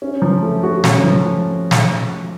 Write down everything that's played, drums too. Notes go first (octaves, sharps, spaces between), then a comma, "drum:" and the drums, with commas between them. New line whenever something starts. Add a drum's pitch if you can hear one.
C#4
F3
A3
F#4
C#4, drum: snare
F3
drum: snare